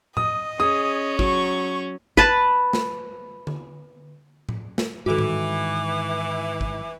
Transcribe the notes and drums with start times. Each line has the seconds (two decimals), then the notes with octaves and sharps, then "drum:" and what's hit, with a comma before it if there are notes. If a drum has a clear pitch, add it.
0.17 D#5 D#6, drum: tom A2
0.60 C#4 G#4 D#6
1.19 F#3 C#6, drum: kick
2.17 B4 A5, drum: kick
2.73 drum: snare
3.47 drum: tom D3
4.49 drum: tom A2
4.78 drum: snare
5.06 G#2 D#3 E3 F#4 A4 D6
5.18 drum: tom A2
6.61 drum: kick